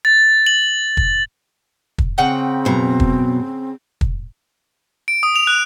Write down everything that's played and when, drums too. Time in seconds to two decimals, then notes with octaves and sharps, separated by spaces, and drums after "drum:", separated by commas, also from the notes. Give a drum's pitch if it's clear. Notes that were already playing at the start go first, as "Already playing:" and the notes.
0.05 A6
0.46 F#7
0.97 drum: kick
1.98 drum: kick
2.18 C#3 C4 F#5 G5
2.65 F#2 B2 A#5
3.00 drum: kick
4.01 drum: kick
5.08 D7
5.23 D#6
5.36 F7
5.47 F#6